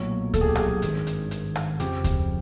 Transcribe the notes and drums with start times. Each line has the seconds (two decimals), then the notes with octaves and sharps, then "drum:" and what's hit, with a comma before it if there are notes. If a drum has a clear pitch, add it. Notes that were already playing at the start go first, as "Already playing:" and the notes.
Already playing: B1 A#2 F#3 A3 C#5
0.34 A4, drum: kick D2, hi-hat
0.41 G#4
0.48 G4
0.55 G#4, drum: rim click
0.82 G#1 G2 D#3, drum: hi-hat
1.07 drum: hi-hat
1.31 drum: hi-hat
1.55 drum: rim click
1.80 F2 C#3 F3 G4, drum: hi-hat
2.04 drum: kick D2, hi-hat